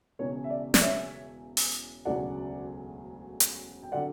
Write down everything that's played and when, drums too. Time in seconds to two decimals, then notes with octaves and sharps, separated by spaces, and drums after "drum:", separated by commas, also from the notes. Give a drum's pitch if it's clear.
0.19 E1 E2 C#3 C#5
0.44 E5
0.50 D5
0.74 D5, drum: snare
0.81 C#5 E5
1.57 drum: open hi-hat
2.05 E1 D2 C#3 F#3 D5 F#5
3.40 drum: hi-hat
3.83 G5
3.92 D3 F#3 D5 F#5